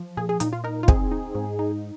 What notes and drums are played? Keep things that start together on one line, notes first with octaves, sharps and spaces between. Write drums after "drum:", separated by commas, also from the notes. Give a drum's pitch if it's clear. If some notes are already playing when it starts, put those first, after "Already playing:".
Already playing: F3
A#2 G#4
G#4
A#2 D#4, drum: hi-hat
F4
D#4 A#4
F4
C4 G#4, drum: kick
D#4
G#2
D#4